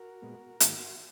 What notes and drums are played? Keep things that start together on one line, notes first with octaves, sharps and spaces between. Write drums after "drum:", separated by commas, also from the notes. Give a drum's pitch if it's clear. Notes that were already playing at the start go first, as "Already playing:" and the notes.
Already playing: F#4 A#4
A#2 G#3 B3
G#2 D#3 A#3 F#4, drum: hi-hat